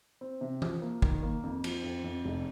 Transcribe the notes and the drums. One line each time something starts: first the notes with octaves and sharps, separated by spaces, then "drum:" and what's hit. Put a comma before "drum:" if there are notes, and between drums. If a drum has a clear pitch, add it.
C4
C3
F3, drum: tom E3
A#3
D#3, drum: kick
A#3
F2
F3, drum: cymbal
F2
F2
F1